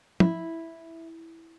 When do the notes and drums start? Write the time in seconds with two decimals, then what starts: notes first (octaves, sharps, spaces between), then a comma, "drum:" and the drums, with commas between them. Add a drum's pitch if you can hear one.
0.20 E4, drum: tom